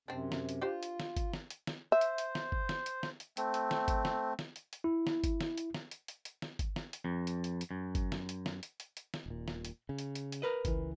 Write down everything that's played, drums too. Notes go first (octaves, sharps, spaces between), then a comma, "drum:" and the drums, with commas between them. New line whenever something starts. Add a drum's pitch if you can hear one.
F#2 C3 C4 D4
drum: snare
drum: hi-hat
D4 F4 G4 C5
drum: hi-hat
drum: snare
drum: kick G1, hi-hat
drum: snare
drum: hi-hat
drum: snare
C5 E5
drum: hi-hat
drum: hi-hat
drum: snare
drum: kick G1
drum: snare
drum: hi-hat
drum: snare
drum: hi-hat
A3 C4, drum: hi-hat
drum: hi-hat
drum: snare
drum: kick G1, hi-hat
drum: snare
drum: snare
drum: hi-hat
drum: hi-hat
E4
drum: snare
drum: kick G1, hi-hat
drum: snare
drum: hi-hat
drum: snare
drum: hi-hat
drum: hi-hat
drum: hi-hat
drum: snare
drum: kick G1, hi-hat
drum: snare
drum: hi-hat
F2
drum: hi-hat
drum: hi-hat
drum: hi-hat
F#2
drum: kick G1, hi-hat
drum: snare
drum: hi-hat
drum: snare
drum: hi-hat
drum: hi-hat
drum: hi-hat
drum: snare
D#1 A#2
drum: snare
drum: hi-hat
C#3
drum: hi-hat
drum: hi-hat
drum: hi-hat
A#4 B4 D#5
C#2 E3, drum: kick G1, hi-hat